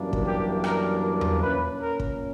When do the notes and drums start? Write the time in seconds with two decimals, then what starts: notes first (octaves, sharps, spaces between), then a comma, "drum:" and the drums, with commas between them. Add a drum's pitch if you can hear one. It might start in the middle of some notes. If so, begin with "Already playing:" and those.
Already playing: F#2 E3 G3 A#3 D4
0.13 drum: kick
0.25 G4
0.64 A#4, drum: rim click
1.21 drum: tom E2
1.42 A#2 A#3 C#4 B4
1.81 A#4
2.00 drum: kick